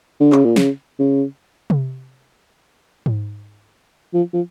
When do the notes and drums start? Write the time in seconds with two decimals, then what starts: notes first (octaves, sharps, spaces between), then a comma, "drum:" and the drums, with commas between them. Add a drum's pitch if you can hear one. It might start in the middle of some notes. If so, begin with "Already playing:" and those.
0.20 D3
0.32 C#3, drum: clap
0.44 A#2
0.56 C#3, drum: snare
1.00 C#3
1.70 drum: tom C3
3.06 drum: tom G#2
4.14 F3
4.33 F3